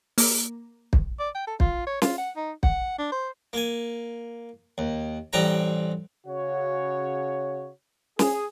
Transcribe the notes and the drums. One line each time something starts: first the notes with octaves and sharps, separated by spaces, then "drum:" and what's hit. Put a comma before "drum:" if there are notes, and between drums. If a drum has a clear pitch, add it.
A#3, drum: open hi-hat
drum: kick
D5
G5
A4
F4, drum: kick
C#5
F4, drum: snare
F#5
D#4
F#5, drum: kick
D4
C5
A#3 G#5
D#2
A1 G3 C4 F#5 G5 A#5
C#3 F#4 C#5
G#4, drum: snare